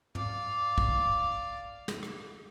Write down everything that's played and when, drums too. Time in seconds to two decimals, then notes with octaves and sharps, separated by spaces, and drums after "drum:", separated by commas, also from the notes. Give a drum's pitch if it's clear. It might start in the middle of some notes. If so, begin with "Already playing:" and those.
0.15 D5 F5, drum: tom
0.78 drum: kick
1.88 drum: snare
2.03 drum: rim click